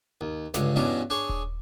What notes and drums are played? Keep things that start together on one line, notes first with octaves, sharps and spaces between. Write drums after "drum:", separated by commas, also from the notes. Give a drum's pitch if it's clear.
D#2
C#2 G2 D3, drum: snare
E2 G2 B2 C#4 D4 A#5
D4 G#4 C#5
drum: kick D#1